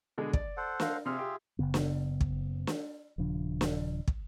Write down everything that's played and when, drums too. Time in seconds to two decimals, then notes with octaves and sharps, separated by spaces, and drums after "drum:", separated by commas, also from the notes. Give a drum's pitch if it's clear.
0.18 B2 D3 G#3
0.33 D5, drum: kick
0.57 A4 C5 F#5
0.80 A#4 F5, drum: snare
1.06 C3 F4 G#4 E5 F6
1.19 G4
1.59 F#1 F#2 C#3 B3
1.74 drum: snare
2.21 drum: kick
2.67 drum: snare
3.18 D#1 C#3 F3 D4
3.61 drum: snare
4.08 drum: kick